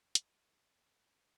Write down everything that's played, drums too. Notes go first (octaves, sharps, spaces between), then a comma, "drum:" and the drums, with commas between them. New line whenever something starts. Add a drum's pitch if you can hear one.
C#4, drum: hi-hat
A#3